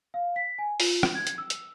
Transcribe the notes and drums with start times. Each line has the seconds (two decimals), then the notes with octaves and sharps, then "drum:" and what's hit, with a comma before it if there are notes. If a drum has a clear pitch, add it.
0.14 F5
0.36 B6
0.58 G#5
0.80 F4, drum: open hi-hat
1.03 drum: rim click
1.15 G#6
1.27 drum: hi-hat
1.38 E6
1.50 drum: hi-hat